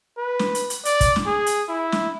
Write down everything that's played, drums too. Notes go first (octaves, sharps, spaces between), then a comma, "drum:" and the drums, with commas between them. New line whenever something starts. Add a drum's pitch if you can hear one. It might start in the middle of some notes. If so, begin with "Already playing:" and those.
B4
drum: snare
drum: hi-hat
drum: hi-hat
D5, drum: hi-hat
drum: kick, hi-hat
drum: snare
G#4
drum: hi-hat
E4
drum: snare